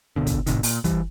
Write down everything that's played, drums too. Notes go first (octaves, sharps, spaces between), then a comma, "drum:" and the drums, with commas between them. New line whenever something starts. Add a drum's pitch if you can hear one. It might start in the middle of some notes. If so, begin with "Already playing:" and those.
D1 B2 D3
drum: kick, hi-hat
G#1 A2 C3 D#3, drum: hi-hat
A#2, drum: open hi-hat
E3 G3, drum: kick, hi-hat